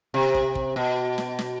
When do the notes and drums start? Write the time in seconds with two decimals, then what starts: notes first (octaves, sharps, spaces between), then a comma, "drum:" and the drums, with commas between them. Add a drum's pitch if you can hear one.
0.14 C3
0.35 drum: kick
0.55 drum: kick
0.76 B2
1.18 drum: snare
1.39 drum: snare